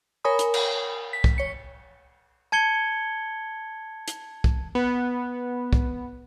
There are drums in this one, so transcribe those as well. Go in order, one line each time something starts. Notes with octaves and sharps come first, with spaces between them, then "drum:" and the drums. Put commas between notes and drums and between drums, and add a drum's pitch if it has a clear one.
A#4 C#5 G#5 B5 D#6
drum: hi-hat
drum: cymbal
B6
drum: kick
C#5 C#7
A5 G#6 C#7 G7
drum: hi-hat
drum: kick
B3
drum: kick